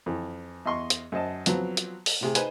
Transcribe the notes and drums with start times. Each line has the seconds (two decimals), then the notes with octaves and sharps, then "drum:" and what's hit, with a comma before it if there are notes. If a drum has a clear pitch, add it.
0.06 F2 E3
0.65 E2 D#5 C6 C#6
0.90 drum: hi-hat
1.12 F#2 C5 D#5 A5
1.46 F3 F#3 B3 C4, drum: hi-hat
1.77 drum: hi-hat
2.06 drum: open hi-hat
2.21 A2 C3 G#4
2.35 D#4 B4 C5 G#5, drum: hi-hat